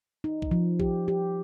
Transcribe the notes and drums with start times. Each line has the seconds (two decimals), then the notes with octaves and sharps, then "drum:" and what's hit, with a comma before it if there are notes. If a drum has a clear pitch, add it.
0.24 D#4
0.42 drum: kick A#1
0.51 F3
0.80 G4, drum: kick A#1
1.08 G4